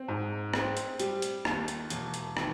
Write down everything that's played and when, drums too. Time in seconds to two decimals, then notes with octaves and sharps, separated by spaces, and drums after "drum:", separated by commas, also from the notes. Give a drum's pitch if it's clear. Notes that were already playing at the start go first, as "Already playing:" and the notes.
Already playing: C4
0.08 G#2
0.54 C4, drum: rim click
0.77 drum: hi-hat
0.99 G3, drum: hi-hat
1.22 drum: hi-hat
1.45 D#2, drum: rim click
1.68 drum: hi-hat
1.90 E1, drum: hi-hat
2.14 drum: hi-hat
2.37 D#3, drum: rim click